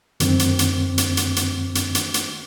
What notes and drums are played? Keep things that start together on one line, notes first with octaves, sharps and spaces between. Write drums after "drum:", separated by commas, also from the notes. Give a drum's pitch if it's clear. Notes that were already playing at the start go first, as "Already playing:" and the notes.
F#2 D#3 C4, drum: hi-hat
drum: hi-hat
drum: hi-hat
drum: hi-hat
drum: hi-hat
drum: hi-hat
drum: hi-hat
drum: hi-hat
drum: hi-hat